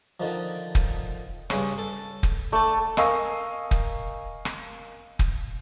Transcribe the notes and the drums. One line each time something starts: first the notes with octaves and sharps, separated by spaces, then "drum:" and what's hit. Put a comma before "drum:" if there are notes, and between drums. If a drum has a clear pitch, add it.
D3 D#3 F3
drum: kick
G2 C#3 C#4, drum: rim click
A4
drum: kick
A3 D4 A4
A#4 D#5 F5 G#5 C#6 E6, drum: rim click
drum: kick
drum: rim click
drum: kick